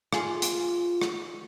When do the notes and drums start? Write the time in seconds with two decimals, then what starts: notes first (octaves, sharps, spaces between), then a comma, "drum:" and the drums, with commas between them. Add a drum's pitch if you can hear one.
0.13 F4 G#4, drum: rim click
0.42 drum: hi-hat
1.01 drum: rim click